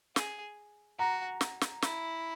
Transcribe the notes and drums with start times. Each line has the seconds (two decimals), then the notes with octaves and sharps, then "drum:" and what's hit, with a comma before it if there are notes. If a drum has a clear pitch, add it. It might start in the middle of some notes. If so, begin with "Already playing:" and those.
0.16 G#4, drum: snare
0.98 F#4 A#5
1.41 drum: snare
1.61 drum: snare
1.82 E4, drum: snare